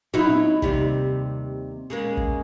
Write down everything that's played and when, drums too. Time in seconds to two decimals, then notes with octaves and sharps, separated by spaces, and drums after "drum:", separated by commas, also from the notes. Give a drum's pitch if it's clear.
0.14 F#3 D#4 E4, drum: tom
0.62 D#2 C3 G3, drum: kick
1.90 C#3 G#3 A#3
2.17 drum: kick